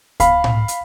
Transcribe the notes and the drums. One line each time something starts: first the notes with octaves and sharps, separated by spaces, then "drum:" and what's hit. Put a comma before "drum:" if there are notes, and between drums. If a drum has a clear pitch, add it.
F5 B5, drum: kick C#2, hi-hat
drum: tom A2
drum: hi-hat